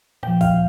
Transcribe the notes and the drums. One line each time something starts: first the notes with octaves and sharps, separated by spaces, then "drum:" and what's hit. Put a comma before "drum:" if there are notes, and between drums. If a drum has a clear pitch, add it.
A#2 F3 G5, drum: rim click
F5, drum: kick A#1, open hi-hat